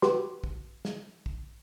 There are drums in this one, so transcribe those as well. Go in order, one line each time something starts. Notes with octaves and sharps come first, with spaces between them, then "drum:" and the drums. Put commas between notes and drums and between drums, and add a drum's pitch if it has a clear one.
F#4 G4 B4 C6, drum: snare
drum: kick
drum: snare
drum: kick